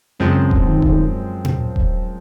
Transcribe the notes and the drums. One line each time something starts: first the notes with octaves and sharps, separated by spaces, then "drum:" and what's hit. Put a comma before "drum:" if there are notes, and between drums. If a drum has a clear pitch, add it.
F#2 C#3 F3 G#3 C4
drum: kick D#1
D#3
drum: kick D#1
drum: tom A#2
drum: kick D#1